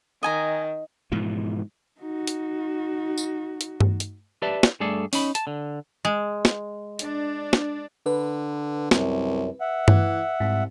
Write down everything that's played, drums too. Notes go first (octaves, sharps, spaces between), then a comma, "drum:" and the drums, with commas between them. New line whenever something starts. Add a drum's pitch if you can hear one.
D#3 D#5 G#5 A#5
G#2 B2 E3 F3
D#4 F#4
drum: hi-hat
drum: tambourine
drum: hi-hat
drum: tom G2
drum: hi-hat
G4 B4 D5 E5 A5
drum: snare
G2 A3 G#4 A4 D5
C#4 D#4 B5, drum: open hi-hat
A5, drum: hi-hat
D3
G#3
drum: snare
D4, drum: hi-hat
drum: snare
D3 B4
C2 F#2, drum: snare
E5 F#5
E3, drum: tom G2
C2 G#2